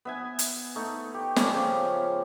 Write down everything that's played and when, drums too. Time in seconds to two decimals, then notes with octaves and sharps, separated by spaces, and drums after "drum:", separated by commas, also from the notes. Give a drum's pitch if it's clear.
0.05 B3 E5 G#5
0.39 drum: hi-hat
0.76 A3 D#4
1.14 G4
1.36 F3 G3 C#4, drum: snare
1.51 C#3